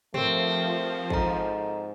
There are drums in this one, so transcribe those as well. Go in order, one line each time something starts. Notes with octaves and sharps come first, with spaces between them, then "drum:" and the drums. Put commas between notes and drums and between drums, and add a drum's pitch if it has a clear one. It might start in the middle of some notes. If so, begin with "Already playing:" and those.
F3 A3 C4 G4 A#4, drum: tom
G#2 A4 D#5 A#5, drum: kick